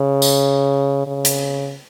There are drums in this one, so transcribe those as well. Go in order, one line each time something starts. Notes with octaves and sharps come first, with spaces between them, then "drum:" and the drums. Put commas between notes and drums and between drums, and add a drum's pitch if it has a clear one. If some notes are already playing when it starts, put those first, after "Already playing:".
Already playing: C#3
drum: tambourine
C#3
drum: hi-hat